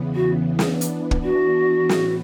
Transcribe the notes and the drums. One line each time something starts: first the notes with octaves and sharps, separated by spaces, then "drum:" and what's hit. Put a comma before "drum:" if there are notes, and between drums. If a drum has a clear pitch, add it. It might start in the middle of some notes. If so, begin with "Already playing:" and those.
Already playing: E2 C#3 E3 B3
F#4
E3 B3 D4, drum: snare
drum: hi-hat
drum: kick
F#4
A2 E3 B3, drum: snare